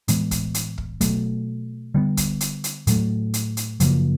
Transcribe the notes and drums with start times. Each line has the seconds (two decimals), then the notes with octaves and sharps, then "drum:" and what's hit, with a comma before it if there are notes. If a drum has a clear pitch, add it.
0.08 A2 E3 G#3 B3, drum: hi-hat
0.31 drum: kick, hi-hat
0.54 drum: hi-hat
0.78 drum: kick
1.01 B2 F#3 A3, drum: kick, hi-hat
1.95 D3 G3 B3
2.17 drum: kick, hi-hat
2.41 drum: hi-hat
2.64 drum: hi-hat
2.87 A2 F#3 A3, drum: hi-hat
3.34 drum: hi-hat
3.57 drum: hi-hat
3.80 F#2 C#3 F3 A#3, drum: hi-hat